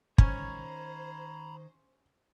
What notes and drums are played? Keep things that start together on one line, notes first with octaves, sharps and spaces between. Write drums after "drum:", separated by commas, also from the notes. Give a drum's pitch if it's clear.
D#3 C#4 C5 C#5 A#5 B5, drum: kick